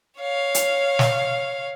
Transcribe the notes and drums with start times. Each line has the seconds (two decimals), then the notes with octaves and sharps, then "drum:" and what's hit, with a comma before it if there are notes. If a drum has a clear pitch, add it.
0.19 C#5 F5
0.54 drum: hi-hat
0.99 drum: snare